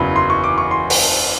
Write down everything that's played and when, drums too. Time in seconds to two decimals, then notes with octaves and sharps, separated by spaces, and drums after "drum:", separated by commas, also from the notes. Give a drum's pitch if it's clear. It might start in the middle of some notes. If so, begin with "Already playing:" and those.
Already playing: F#1 E2 C#3 F#3 B5
0.16 C6
0.30 C#6
0.44 D6
0.58 C#6
0.71 C6
0.90 drum: open hi-hat